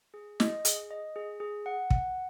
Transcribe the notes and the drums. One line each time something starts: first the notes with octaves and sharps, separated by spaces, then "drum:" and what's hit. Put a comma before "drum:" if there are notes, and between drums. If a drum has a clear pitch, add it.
G#4
D#5, drum: snare
G#4, drum: hi-hat
D#5
G#4
G#4
F#5
F#5, drum: kick